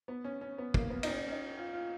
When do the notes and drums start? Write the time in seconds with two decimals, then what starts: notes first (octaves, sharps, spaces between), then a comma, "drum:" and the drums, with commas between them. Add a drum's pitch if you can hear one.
0.08 B3
0.24 C#4
0.41 C#4
0.58 B3
0.74 A#3, drum: kick
0.90 B3
1.03 D#4, drum: cymbal
1.08 C#4
1.27 C#4
1.32 D#4
1.58 F4
1.73 F4